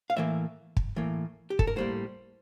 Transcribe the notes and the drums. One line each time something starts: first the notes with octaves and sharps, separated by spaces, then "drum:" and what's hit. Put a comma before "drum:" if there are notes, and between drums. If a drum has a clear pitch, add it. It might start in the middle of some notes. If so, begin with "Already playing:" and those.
F5
A2 E3 A#3 E5
drum: kick
A2 E3 A#3
G4
A4, drum: kick
A#4
A2 G3 A#3 C5